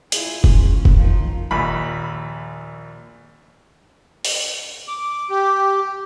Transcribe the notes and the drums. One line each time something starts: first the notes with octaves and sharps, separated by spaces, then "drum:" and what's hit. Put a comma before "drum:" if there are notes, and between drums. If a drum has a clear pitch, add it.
E4 F4 G#4, drum: hi-hat
drum: kick F1
C#4
drum: kick F1
D#3 F3 D#4
A#1 D#2 B5
drum: open hi-hat
D6
G4